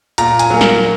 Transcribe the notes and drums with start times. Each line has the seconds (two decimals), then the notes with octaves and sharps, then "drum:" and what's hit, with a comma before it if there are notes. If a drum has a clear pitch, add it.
0.18 A#2 A#5, drum: hi-hat
0.39 G#5, drum: hi-hat
0.50 F#3 A#3
0.61 A#4, drum: snare